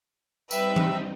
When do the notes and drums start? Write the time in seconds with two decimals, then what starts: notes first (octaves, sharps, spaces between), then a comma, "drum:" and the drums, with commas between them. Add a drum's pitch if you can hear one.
0.51 G3 C4 D#4 B4 E5 G5 E6, drum: tambourine
0.76 drum: tom E3